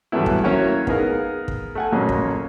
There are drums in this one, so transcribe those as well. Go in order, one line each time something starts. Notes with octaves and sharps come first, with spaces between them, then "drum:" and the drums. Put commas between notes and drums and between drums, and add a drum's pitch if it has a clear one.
G2 E3 F#3 A3 B3 E4
drum: kick
F#3 A#3 C#4 E4 C#5
B3 D#4 G#4 A#4 F5, drum: kick
drum: kick
A3 F#5 G#5
F2 A#2 F#3 A#3 C#4
drum: kick